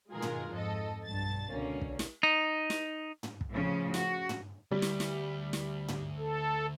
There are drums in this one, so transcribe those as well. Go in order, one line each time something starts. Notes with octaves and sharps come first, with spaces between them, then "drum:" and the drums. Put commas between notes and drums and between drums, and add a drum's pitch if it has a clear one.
B2 D#3 G#3 F4 G#4 A#4
drum: tom
F2 G#2 A4 D#5
B1 G2 A5 A6
C#2 B2 D3 A#3 C#4
drum: kick
drum: snare
D#4
drum: snare
drum: tom
drum: kick
A2 C#3 F3 C#4
F#4, drum: snare
drum: tom
D2 G3
drum: snare
drum: snare
drum: snare
drum: tom
A4